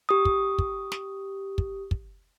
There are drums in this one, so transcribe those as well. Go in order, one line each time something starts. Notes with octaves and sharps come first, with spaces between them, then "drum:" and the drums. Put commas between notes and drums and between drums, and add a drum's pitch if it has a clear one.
G4 D#6
drum: kick
drum: kick
drum: snare
drum: kick
drum: kick